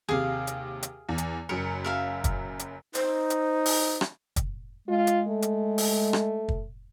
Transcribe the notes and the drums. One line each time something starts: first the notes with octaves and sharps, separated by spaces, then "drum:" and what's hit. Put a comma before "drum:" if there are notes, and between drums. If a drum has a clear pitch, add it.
D#2 C3 G#4 F5
drum: hi-hat
drum: hi-hat
E2
drum: hi-hat
F#1 F#2 A#4 C#7
A#4 E5 F5
drum: kick, hi-hat
drum: hi-hat
D#4 C5, drum: hi-hat
drum: hi-hat
drum: open hi-hat
drum: rim click
drum: kick, hi-hat
G#3 F4
drum: hi-hat
A3
drum: hi-hat
drum: open hi-hat
drum: rim click
drum: kick